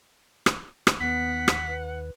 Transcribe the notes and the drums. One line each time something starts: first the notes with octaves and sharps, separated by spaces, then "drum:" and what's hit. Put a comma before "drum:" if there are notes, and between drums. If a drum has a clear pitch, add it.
drum: rim click
drum: rim click
D#2 B3 F#5 B6
drum: rim click
B4